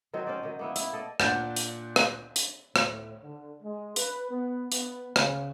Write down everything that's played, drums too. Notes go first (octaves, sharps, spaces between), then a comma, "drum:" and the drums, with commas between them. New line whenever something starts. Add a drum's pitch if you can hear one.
D#3 F#3 C4 D#4
C#4 C5 D5
D#3 F#3
A#3 B3 E4
E4, drum: hi-hat
A4 D5 D#5
A#2 D4 F#5 G6 A6, drum: rim click
drum: hi-hat
drum: rim click
drum: hi-hat
A2, drum: rim click
D3
G#3
B4, drum: hi-hat
B3
B3, drum: hi-hat
C#3, drum: rim click